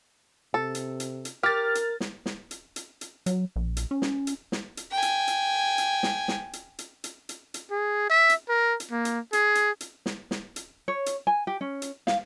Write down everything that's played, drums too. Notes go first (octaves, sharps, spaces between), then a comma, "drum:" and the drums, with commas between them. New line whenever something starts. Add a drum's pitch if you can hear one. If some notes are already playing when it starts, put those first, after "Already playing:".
C3 A4
drum: hi-hat
drum: hi-hat
drum: hi-hat
G4 A#4 F6 A6
drum: hi-hat
drum: snare
drum: snare
drum: hi-hat
drum: hi-hat
drum: hi-hat
F#3, drum: hi-hat
A#1
drum: hi-hat
C#4
drum: snare
drum: hi-hat
drum: snare
drum: hi-hat
G5 G#5
drum: hi-hat
drum: hi-hat
drum: hi-hat
drum: snare
drum: snare
drum: hi-hat
drum: hi-hat
drum: hi-hat
drum: hi-hat
drum: hi-hat
G#4
E5
drum: hi-hat
A#4
drum: hi-hat
A#3
drum: hi-hat
G#4, drum: hi-hat
drum: hi-hat
drum: hi-hat
drum: snare
drum: snare
drum: hi-hat
C#5
drum: hi-hat
G#5
G4
C#4
drum: hi-hat
F5, drum: snare